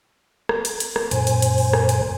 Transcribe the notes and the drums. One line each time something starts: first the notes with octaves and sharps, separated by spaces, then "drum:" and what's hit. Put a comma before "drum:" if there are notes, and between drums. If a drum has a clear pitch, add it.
drum: rim click
drum: hi-hat
drum: hi-hat
drum: rim click
F#2 A#2 C5 G#5, drum: hi-hat
drum: hi-hat
drum: hi-hat
drum: open hi-hat
drum: rim click
drum: hi-hat